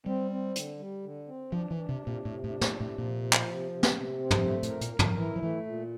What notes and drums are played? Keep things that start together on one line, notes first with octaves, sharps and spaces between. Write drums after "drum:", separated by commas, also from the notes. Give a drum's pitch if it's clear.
G3 C4
C4
D3, drum: hi-hat
G3
D3
C4
F3 D4
E3
D4
C3
C3
A#2
A2 C3
A2
D4
A2, drum: snare
C3
A2
A#2 F3
F3
drum: clap
C3
C3
drum: snare
C3
C4
drum: tom
G2 A3
A2, drum: hi-hat
A#4
A#2, drum: hi-hat
A#4
D3, drum: tom
E3 E4
F3
E3 A3
A#2